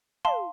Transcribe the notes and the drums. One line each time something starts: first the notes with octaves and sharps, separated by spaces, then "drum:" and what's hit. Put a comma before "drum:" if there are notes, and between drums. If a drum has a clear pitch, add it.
F5 A5 C6, drum: tom